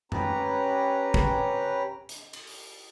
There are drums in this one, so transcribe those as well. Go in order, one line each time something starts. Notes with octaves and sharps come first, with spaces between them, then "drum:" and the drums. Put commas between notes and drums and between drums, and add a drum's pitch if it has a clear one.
C#4 G4 B4 A#5, drum: tom F#2
drum: kick
drum: hi-hat
drum: cymbal
drum: open hi-hat